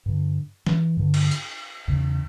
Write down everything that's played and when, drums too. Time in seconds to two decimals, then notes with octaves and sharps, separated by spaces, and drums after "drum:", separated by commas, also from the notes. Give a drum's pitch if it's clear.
0.06 G2 D3
0.66 E3, drum: snare
0.97 G2 D3
1.14 drum: cymbal
1.31 drum: hi-hat
1.88 E2 C#3